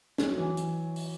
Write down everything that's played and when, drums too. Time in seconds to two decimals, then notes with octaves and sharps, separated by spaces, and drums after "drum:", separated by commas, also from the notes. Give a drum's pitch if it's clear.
0.18 F#3, drum: snare
0.37 E3
0.57 drum: hi-hat
0.96 drum: open hi-hat